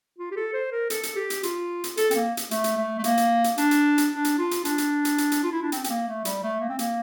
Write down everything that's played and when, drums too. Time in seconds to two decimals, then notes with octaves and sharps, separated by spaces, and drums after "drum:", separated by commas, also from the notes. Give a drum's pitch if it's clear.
0.18 F4
0.31 G4
0.36 A4
0.54 C5
0.72 A#4
0.90 A4, drum: hi-hat
1.03 drum: hi-hat
1.16 G4
1.30 drum: hi-hat
1.43 F4, drum: hi-hat
1.84 drum: hi-hat
1.97 A4, drum: hi-hat
2.11 C4, drum: hi-hat
2.15 A#3
2.37 drum: hi-hat
2.51 A3, drum: hi-hat
2.64 drum: hi-hat
2.77 A3
2.99 A3
3.04 A#3, drum: hi-hat
3.17 drum: hi-hat
3.44 drum: hi-hat
3.58 D4, drum: hi-hat
3.71 drum: hi-hat
3.98 drum: hi-hat
4.11 D4
4.25 drum: hi-hat
4.38 F4
4.51 drum: hi-hat
4.65 D4, drum: hi-hat
4.78 drum: hi-hat
5.05 drum: hi-hat
5.18 drum: hi-hat
5.32 drum: hi-hat
5.44 F4
5.52 E4
5.62 D4
5.72 C4, drum: hi-hat
5.84 C4, drum: hi-hat
5.89 A#3
6.07 A3
6.25 G3, drum: hi-hat
6.43 A3
6.61 A#3
6.69 C4
6.79 A#3, drum: hi-hat